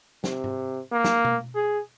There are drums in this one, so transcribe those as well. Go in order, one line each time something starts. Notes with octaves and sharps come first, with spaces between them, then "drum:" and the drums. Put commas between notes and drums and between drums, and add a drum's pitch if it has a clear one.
C3, drum: snare
drum: tom G#2
A#3
drum: snare
drum: tom B2
G#4